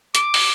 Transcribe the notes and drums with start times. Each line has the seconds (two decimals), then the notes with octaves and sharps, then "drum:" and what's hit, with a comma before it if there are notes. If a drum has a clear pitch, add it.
0.15 D6, drum: hi-hat
0.34 drum: open hi-hat